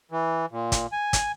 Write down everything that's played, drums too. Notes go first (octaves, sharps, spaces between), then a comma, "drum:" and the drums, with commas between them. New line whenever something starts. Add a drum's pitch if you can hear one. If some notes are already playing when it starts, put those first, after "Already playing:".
E3
A#2
drum: kick, hi-hat
G#5
drum: kick, hi-hat